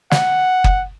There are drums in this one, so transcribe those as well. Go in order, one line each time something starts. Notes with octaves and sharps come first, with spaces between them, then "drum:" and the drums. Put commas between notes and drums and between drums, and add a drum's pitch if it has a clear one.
F#5, drum: snare
drum: kick F#1